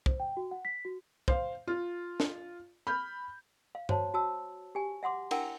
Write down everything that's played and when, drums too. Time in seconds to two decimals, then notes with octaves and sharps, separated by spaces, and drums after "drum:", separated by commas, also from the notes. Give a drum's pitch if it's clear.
0.06 C5, drum: kick
0.20 G5
0.37 F#4
0.51 F#5
0.65 B6
0.85 F#4
1.28 C5 F5, drum: kick
1.67 F4
2.20 drum: snare
2.87 B5 F6 G6
3.75 F5
3.89 F#4 C5 C#5 A5, drum: tom G2
4.14 F#4 A5 E6
4.75 G4 G#5
5.03 E5 F#5 C6 D6
5.31 D4 E4 A#4 E5 F#5 G5, drum: cymbal